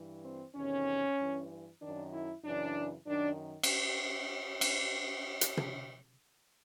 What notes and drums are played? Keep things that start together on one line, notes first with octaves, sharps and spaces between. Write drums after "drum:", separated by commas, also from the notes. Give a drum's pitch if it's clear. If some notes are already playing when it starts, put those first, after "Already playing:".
Already playing: G2 E3
C4
E2 C3 D#3 C#4
G2 E3
F#2 D#3 D4
E4
F#2 C#3 E3 D4
F#2 D#3 D4
drum: cymbal
drum: cymbal
drum: hi-hat
drum: tom